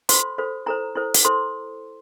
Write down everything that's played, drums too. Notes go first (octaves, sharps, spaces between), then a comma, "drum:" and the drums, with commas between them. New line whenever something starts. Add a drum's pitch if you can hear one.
F4 A4 C5 C6, drum: hi-hat
F4 A4 C5
E4 A4 C5 A#5
E4 A4 C5
drum: hi-hat
E4 A4 C5 C6